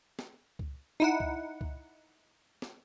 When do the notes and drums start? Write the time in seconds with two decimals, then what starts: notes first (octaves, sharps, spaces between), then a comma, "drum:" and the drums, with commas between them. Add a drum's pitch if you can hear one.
0.19 drum: snare
0.59 drum: kick C#2
1.00 D#4 E4 F#5
1.20 drum: kick C#2
1.61 drum: kick C#2
2.62 drum: snare